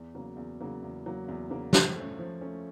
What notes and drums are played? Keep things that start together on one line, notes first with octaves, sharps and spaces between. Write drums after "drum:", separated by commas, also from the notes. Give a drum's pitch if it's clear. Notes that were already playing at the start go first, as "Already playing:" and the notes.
Already playing: E2
C#3 F#3 A#3
E2
C#3 F#3 A#3
E2
C#3 F#3 A#3
E2
C#3 F#3 A#3
F3, drum: snare
A3 C#4
F3
A3 C#4